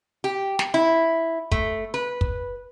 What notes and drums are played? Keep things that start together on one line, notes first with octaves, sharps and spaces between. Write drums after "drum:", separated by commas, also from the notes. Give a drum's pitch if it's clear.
G4
drum: snare
E4
A3, drum: kick
B4
drum: kick